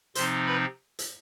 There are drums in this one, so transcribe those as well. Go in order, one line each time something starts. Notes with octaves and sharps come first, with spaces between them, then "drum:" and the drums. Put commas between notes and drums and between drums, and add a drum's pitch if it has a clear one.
C3 F3 C4 D#4 C5 C6, drum: hi-hat
B4 B5
drum: hi-hat